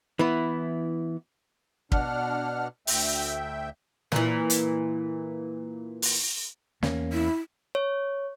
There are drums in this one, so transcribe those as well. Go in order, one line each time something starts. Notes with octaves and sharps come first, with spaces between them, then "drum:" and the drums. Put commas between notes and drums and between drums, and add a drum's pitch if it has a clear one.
E3 B3 E4
B2 D4 F#5 F6, drum: kick
D2 E5 G5, drum: open hi-hat
A#2 E3, drum: snare
drum: hi-hat
drum: open hi-hat
E2 A#3 C#4, drum: snare
E4
C#5